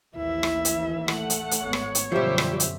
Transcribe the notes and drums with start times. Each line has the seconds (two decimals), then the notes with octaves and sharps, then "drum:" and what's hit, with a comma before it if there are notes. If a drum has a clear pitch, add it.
0.17 A1 D#2 E3 E4 E5
0.43 drum: rim click
0.65 drum: hi-hat
1.08 A3 F#5, drum: rim click
1.30 drum: hi-hat
1.51 drum: hi-hat
1.64 G#1 G#3 B3 C#5
1.73 drum: rim click
1.95 drum: hi-hat
2.12 F#2 B2 D3 F3 G3 G4 C5 E5
2.38 drum: rim click
2.60 drum: hi-hat